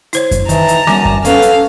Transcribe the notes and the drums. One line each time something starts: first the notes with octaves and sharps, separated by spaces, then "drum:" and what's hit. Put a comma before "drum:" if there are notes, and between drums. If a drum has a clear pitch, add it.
E4 C5 C#5, drum: hi-hat
drum: kick F#2, hi-hat
D#3 E3 A5 A#5, drum: hi-hat
drum: hi-hat
F#2 G3 G#5, drum: snare
drum: kick F#2
B3 C#4 A4 F5, drum: hi-hat
drum: hi-hat